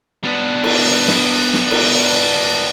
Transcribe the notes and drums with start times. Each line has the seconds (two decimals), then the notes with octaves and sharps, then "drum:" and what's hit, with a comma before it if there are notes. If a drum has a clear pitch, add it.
0.24 B3 D4
0.63 drum: cymbal
1.08 drum: snare
1.54 drum: snare
1.71 drum: cymbal